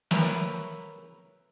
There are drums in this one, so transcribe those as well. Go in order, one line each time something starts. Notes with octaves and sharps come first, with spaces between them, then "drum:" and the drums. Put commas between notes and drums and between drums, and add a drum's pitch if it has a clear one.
A#4 B4 C#5 E5, drum: snare